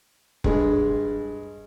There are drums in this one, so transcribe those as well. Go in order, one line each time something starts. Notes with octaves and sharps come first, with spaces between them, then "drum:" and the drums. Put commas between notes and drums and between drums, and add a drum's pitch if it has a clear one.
G2 G#3, drum: kick F1